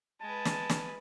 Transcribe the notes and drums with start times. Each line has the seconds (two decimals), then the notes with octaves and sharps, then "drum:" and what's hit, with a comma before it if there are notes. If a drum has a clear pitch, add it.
0.21 G#3 B4 A5
0.45 drum: snare
0.69 drum: snare